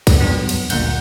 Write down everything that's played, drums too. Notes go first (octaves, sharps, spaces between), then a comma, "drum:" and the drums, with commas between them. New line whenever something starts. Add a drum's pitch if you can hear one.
drum: kick, cymbal
G2 F#3 B3
drum: cymbal
G1 D2 A#2 A#3 F#5 G6, drum: cymbal